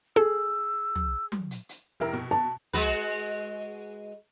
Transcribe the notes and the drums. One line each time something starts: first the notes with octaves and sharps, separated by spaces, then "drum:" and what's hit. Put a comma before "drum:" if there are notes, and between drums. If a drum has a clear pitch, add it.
G#4 A4 E6
drum: tom
drum: tom F#3
drum: hi-hat
drum: hi-hat
F1 E4 A#4
B2
A5
G#3 F#4 B4, drum: tom